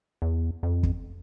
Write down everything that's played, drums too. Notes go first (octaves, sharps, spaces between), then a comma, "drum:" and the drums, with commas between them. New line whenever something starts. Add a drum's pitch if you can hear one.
E2
F2
drum: kick